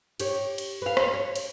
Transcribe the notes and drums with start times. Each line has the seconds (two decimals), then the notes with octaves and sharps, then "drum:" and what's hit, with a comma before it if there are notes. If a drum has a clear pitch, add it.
0.20 G4 C#5, drum: cymbal
0.58 drum: cymbal
0.82 B4 F5
0.97 drum: rim click
1.14 C#5
1.36 drum: cymbal